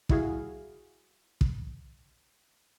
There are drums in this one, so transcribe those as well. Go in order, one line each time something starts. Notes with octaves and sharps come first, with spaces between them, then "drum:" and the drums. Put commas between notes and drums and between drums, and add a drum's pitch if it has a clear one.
G3 E4 F#4 G#4 F5, drum: kick
drum: kick